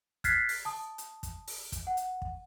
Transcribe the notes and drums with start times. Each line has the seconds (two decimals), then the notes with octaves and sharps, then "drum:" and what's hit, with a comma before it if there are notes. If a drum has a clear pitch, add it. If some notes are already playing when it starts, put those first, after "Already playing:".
0.24 F6 F#6 G#6 A6 B6 C7, drum: kick, hi-hat
0.49 drum: open hi-hat
0.65 A5 D#6
0.98 drum: hi-hat
1.23 drum: kick, hi-hat
1.48 drum: open hi-hat
1.72 drum: kick, hi-hat
1.87 F#5
1.97 drum: hi-hat
2.22 drum: kick